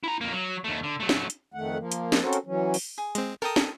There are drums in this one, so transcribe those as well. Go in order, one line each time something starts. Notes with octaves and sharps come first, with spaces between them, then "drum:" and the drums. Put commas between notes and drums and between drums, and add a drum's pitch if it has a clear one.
E4 A#5
F2 A#3
F#3
D#2 A3
D3
F#3 A3
drum: snare
drum: hi-hat
F2 D#3 A3 F#5
F3 A#3
drum: hi-hat
drum: snare
C4 C#4 F#4 A4 A#4 C5
drum: hi-hat
E3 F#3 C#4
drum: open hi-hat
G#4
G#3 C4, drum: hi-hat
A4 A#4 G5 A#5 D#6
drum: snare